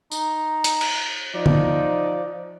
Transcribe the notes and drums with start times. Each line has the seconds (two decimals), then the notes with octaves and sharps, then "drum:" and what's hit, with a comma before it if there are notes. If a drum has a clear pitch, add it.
0.12 D#4, drum: tambourine
0.64 drum: hi-hat
0.81 drum: cymbal
1.35 F3 D#4 D5
1.46 drum: tom